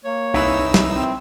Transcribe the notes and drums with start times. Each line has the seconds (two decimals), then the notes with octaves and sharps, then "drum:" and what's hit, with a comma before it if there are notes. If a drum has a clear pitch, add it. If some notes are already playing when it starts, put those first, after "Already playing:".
0.05 A#3 C#5
0.34 C2 D#4 E4 G#4 B4 E6
0.74 drum: snare
0.92 C4